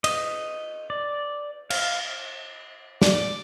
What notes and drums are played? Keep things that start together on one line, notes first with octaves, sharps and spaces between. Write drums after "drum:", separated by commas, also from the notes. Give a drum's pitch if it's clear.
D#5, drum: cymbal
D5
F5, drum: cymbal
D5, drum: snare